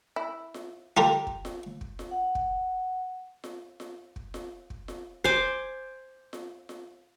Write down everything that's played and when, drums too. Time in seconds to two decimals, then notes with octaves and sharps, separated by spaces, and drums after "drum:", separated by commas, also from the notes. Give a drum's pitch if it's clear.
0.16 E4
0.54 drum: snare F4
0.97 F4 G4 A4 A#4
1.27 drum: kick
1.45 drum: snare F4
1.81 drum: kick
1.99 drum: snare F4
2.11 F#5
2.35 drum: kick
3.44 drum: snare F4
3.80 drum: snare F4
4.16 drum: kick
4.34 drum: snare F4
4.70 drum: kick
4.88 drum: snare F4
5.24 C5 G#5 D6, drum: kick
6.33 drum: snare F4
6.69 drum: snare F4